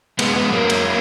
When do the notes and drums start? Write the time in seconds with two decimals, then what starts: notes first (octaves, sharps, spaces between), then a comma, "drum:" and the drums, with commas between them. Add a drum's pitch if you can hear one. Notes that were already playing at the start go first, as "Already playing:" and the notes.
0.19 G#3 B3, drum: cymbal
0.36 G#3 B3
0.52 F#3 A#3
0.70 drum: cymbal